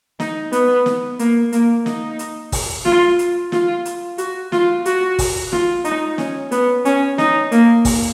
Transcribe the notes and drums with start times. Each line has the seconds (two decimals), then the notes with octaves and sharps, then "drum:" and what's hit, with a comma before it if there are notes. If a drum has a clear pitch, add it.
0.20 D#4, drum: snare
0.52 B3, drum: hi-hat
0.86 drum: snare
1.19 A#3, drum: hi-hat
1.52 A#3, drum: hi-hat
1.86 D#4, drum: snare
2.19 drum: hi-hat
2.52 drum: kick, open hi-hat
2.85 F4, drum: snare
3.19 drum: hi-hat
3.52 F4, drum: snare
3.85 drum: hi-hat
4.18 F#4, drum: hi-hat
4.52 F4, drum: snare
4.85 F#4, drum: hi-hat
5.19 drum: kick, open hi-hat
5.52 F4, drum: snare
5.85 D#4, drum: hi-hat
6.18 C#4, drum: snare
6.51 B3, drum: hi-hat
6.85 C#4, drum: hi-hat
7.18 D#4, drum: snare
7.52 A#3, drum: hi-hat
7.85 drum: kick, open hi-hat